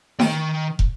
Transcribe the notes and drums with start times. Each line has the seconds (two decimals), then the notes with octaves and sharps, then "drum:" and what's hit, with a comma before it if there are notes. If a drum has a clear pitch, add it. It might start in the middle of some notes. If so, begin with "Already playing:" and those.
0.20 D#3 G5, drum: snare D#4
0.79 drum: kick